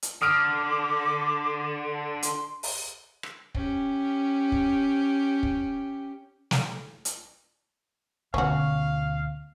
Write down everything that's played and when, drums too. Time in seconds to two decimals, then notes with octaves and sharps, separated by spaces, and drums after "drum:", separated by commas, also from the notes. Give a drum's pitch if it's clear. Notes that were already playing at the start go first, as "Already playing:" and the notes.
0.03 drum: hi-hat
0.22 D3 D6 D#6 F6 D7
2.23 C6, drum: hi-hat
2.63 drum: open hi-hat
3.23 drum: rim click
3.55 C#4 G4, drum: kick
4.52 drum: kick
5.43 drum: kick
6.51 drum: snare
7.05 drum: hi-hat
8.34 D2 B2 C#4 F#4 F5, drum: kick